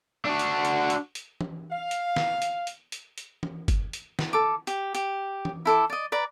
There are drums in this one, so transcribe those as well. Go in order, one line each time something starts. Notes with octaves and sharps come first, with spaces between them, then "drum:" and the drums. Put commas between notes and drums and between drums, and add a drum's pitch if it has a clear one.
D4 F#4
drum: hi-hat
drum: hi-hat
drum: hi-hat
drum: hi-hat
drum: tom E3
F5
drum: hi-hat
drum: snare
drum: hi-hat
drum: hi-hat
drum: hi-hat
drum: hi-hat
drum: tom E3
drum: kick, hi-hat
drum: hi-hat
drum: snare
A4 D6
G4, drum: hi-hat
G4, drum: hi-hat
drum: tom E3
E4 A4 D6
D5 D#5
B4 D5 A#5